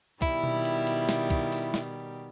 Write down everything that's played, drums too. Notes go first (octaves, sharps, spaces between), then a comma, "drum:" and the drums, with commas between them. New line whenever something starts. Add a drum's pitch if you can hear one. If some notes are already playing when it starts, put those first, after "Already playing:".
B2 D#3 G3 E4, drum: kick, hi-hat
drum: tom B2
drum: hi-hat
drum: hi-hat
drum: snare
drum: kick, hi-hat
drum: open hi-hat
drum: snare